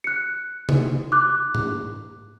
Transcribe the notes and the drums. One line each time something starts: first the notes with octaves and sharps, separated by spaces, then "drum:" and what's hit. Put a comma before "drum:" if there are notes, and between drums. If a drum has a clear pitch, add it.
F#6 C#7
drum: tom
D6 F#6
drum: tom G#2